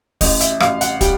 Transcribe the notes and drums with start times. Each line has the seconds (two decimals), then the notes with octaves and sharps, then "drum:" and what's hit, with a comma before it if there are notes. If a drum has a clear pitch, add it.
0.21 A1 D#5, drum: kick, open hi-hat
0.40 E5, drum: hi-hat
0.60 A1 F5, drum: rim click
0.81 F#5, drum: hi-hat
1.01 G3 G5, drum: kick, hi-hat